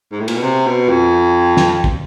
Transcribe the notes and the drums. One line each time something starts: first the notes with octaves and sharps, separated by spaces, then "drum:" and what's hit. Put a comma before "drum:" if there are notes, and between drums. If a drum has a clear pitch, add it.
G#2
A2
A#2, drum: cymbal
B2
C3
B2
F2
drum: snare
drum: kick